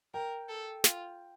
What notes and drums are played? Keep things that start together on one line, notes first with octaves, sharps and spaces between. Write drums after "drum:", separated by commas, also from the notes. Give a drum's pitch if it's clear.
A#4 G5
A4
F4, drum: snare